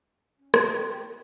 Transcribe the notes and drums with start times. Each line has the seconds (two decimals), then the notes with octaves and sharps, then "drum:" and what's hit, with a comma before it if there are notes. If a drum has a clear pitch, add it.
0.38 C#4
0.54 B3 D5, drum: rim click
0.74 G5
1.00 E4